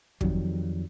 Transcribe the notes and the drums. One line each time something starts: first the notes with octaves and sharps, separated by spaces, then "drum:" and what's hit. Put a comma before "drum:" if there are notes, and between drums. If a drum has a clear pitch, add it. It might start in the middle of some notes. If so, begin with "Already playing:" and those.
F2 D#3 F#3 G3, drum: kick